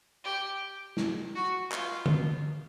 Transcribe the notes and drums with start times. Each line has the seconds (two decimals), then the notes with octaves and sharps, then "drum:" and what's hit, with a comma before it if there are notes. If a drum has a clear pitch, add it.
0.25 G4
0.97 drum: snare
1.35 F#4
1.72 F4, drum: clap
2.06 drum: tom D3